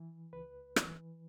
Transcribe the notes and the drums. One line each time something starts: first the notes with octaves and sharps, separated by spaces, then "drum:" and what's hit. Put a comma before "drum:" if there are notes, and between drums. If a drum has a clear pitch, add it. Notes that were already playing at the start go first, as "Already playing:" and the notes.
Already playing: E3
C#2 B4
E3, drum: rim click